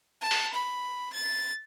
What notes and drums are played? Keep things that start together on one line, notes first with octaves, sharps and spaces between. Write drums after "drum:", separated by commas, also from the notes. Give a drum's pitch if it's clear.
A5
drum: open hi-hat
B5
A6